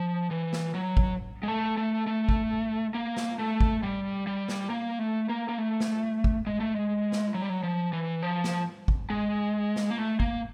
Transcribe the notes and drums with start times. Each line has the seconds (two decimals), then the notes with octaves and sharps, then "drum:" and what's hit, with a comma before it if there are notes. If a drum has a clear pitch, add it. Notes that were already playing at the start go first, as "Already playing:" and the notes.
Already playing: F3
0.31 E3
0.53 drum: snare
0.75 F#3
0.97 drum: kick
1.43 G#3
1.48 A3
1.77 A3
2.07 A3
2.29 drum: kick
2.94 A#3
3.17 drum: snare
3.39 A3
3.61 drum: kick
3.83 G3
4.27 G3
4.48 drum: snare
4.70 A#3
4.99 A3
5.29 A#3
5.49 A#3
5.58 A3
5.80 drum: snare
6.24 drum: kick
6.47 G#3
6.60 A3
6.74 G#3
7.12 drum: snare
7.34 F#3
7.42 G3
7.50 F#3
7.63 F3
7.93 E3
8.23 F3
8.44 drum: snare
8.88 drum: kick
9.10 G#3
9.76 drum: snare
9.90 A#3
9.98 A3
10.20 A#3, drum: kick